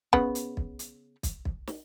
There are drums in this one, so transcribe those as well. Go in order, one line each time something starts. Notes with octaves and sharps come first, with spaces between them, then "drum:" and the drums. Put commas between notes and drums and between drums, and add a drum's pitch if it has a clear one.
C#3 B3, drum: kick
drum: hi-hat
drum: kick
drum: hi-hat
drum: kick, hi-hat
drum: kick
drum: snare